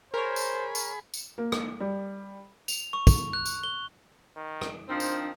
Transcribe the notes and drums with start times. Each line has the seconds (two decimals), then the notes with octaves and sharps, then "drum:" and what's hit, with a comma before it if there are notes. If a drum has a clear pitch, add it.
0.14 G#4 A#4 C5 C#5 B5
0.36 drum: tambourine
0.75 drum: tambourine
1.14 drum: tambourine
1.38 A#3
1.52 drum: rim click
1.80 G3
2.68 F7, drum: tambourine
2.93 C#6
3.07 drum: kick, tambourine
3.33 F#6
3.45 drum: tambourine
3.63 G7
4.36 D#3
4.61 drum: rim click
4.89 D#3 F3 C4 D4 C5
5.00 drum: tambourine